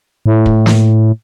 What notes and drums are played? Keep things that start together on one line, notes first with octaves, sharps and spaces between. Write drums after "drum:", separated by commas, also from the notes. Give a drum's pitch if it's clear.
A2
drum: kick
drum: snare